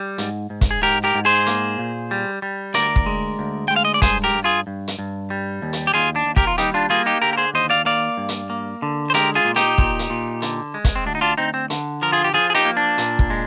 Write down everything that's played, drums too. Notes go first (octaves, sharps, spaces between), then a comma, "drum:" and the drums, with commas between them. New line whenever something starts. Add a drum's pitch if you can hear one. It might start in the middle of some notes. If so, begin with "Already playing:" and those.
Already playing: G3
G#2, drum: hi-hat
G#2
drum: kick, hi-hat
G#4
G#2 G4 A#4
G4 A#4
G#2
G#4 C5
A#3, drum: hi-hat
A#2
G3
G3
D2 A#4 D5, drum: hi-hat
drum: kick
G#3
D2
G#3 G5
F5
D#5
D5
G2 G#4 C5, drum: kick, hi-hat
G4 A#4
G2
F4 G#4
G2
drum: hi-hat
G2
G3
D#2
drum: hi-hat
G4
D#2 F4 G#4
D4
D#2
G4 A#4, drum: kick
F4
G3 D#4 G4, drum: hi-hat
D4 F4
A#3 F4 G#4
D#4 G4
D3 G4 A#4
A#4
G#4 C5
D#2 C5 D#5
D5 F5
A#3 D5 F5
G2
drum: hi-hat
A#3
D3
C5
G#3 G4 A#4, drum: hi-hat
F4 G#4
A#2
D#4 G4, drum: hi-hat
A#2, drum: kick
drum: hi-hat
A#2
D3, drum: hi-hat
G#3
drum: kick, hi-hat
C4
D2 D4
D#4
D4 F4
D2 C4 D#4
C4
D3, drum: hi-hat
F3 A#4
F4 G#4
G4
F3 F4 G#4
G#4
D#4 G4, drum: hi-hat
A#3
D4
A#2, drum: hi-hat
drum: kick
G#3